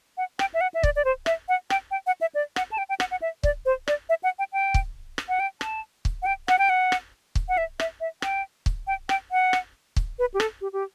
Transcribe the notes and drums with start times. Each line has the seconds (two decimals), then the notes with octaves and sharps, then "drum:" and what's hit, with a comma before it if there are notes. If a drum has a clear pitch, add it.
0.17 F#5
0.39 G5, drum: rim click
0.54 E5
0.61 F#5
0.74 E5
0.83 D5, drum: kick
0.96 D5
1.05 C5
1.26 E5, drum: rim click
1.49 F#5
1.70 G5, drum: rim click
1.91 G5
2.07 F#5
2.21 E5
2.35 D5
2.56 F#5, drum: rim click
2.72 A5
2.78 G5
2.89 G5
3.00 F#5, drum: rim click
3.11 F#5
3.22 E5
3.43 D5, drum: kick
3.66 C5
3.88 D5, drum: rim click
4.09 E5
4.23 F#5
4.39 G5
4.53 G5
4.74 drum: kick
5.18 drum: rim click
5.29 F#5
5.40 G5
5.61 A5, drum: rim click
6.05 drum: kick
6.22 F#5
6.26 G5
6.48 F#5, drum: rim click
6.59 G5
6.69 F#5
6.92 drum: rim click
7.35 drum: kick
7.49 F#5
7.58 E5
7.80 E5, drum: rim click
8.01 E5
8.22 G5, drum: rim click
8.66 drum: kick
8.87 G5
9.09 G5, drum: rim click
9.31 F#5
9.53 drum: rim click
9.96 drum: kick
10.19 B4
10.34 G4
10.40 A4, drum: rim click
10.61 G4
10.73 G4